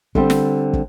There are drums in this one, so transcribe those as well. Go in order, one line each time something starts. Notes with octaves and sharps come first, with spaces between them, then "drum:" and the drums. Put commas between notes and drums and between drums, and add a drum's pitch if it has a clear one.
D3 G3 C4, drum: kick
drum: snare
drum: kick